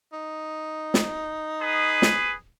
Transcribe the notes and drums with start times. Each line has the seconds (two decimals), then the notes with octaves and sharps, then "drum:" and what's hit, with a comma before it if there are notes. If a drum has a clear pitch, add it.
0.13 D#4
0.94 drum: snare
1.59 G#4 B4
2.02 drum: snare